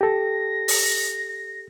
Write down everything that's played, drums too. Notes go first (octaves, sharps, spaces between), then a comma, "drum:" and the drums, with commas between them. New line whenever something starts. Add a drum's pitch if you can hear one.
G4 A4 A#6
drum: open hi-hat